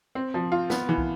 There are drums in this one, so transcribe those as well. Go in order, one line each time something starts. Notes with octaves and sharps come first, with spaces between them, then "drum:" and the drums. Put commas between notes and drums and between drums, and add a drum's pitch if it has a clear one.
C4
F3
F4
B3, drum: snare
E3
drum: kick